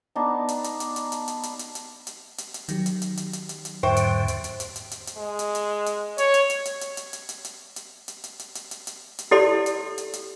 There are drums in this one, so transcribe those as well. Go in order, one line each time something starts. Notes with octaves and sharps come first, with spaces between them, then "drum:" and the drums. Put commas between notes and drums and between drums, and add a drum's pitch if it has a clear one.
B3 D4 D#4
drum: hi-hat
drum: hi-hat
drum: hi-hat
drum: hi-hat
drum: hi-hat
drum: hi-hat
drum: hi-hat
drum: hi-hat
drum: hi-hat
drum: hi-hat
drum: hi-hat
drum: hi-hat
D#3 F#3 G4, drum: hi-hat
drum: hi-hat
drum: hi-hat
drum: hi-hat
drum: hi-hat
drum: hi-hat
drum: hi-hat
E2 G#2 D3 C5 E5 G5 C#6
drum: hi-hat
drum: hi-hat
drum: hi-hat
drum: hi-hat
drum: hi-hat
drum: hi-hat
drum: hi-hat
G#3
drum: hi-hat
drum: hi-hat
drum: hi-hat
C#5, drum: hi-hat
drum: hi-hat
drum: hi-hat
drum: hi-hat
drum: hi-hat
drum: hi-hat
drum: hi-hat
drum: hi-hat
drum: hi-hat
drum: hi-hat
drum: hi-hat
drum: hi-hat
drum: hi-hat
drum: hi-hat
drum: hi-hat
drum: hi-hat
drum: hi-hat
E4 G4 A4 D5 C6
drum: hi-hat
drum: hi-hat
drum: hi-hat